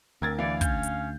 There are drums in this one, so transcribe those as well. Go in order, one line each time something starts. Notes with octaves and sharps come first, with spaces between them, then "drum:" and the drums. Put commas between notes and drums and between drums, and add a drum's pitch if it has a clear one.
D2 C4 A#4 G#6 A6
E3 D5 F5
C#4 G6, drum: kick, hi-hat
drum: hi-hat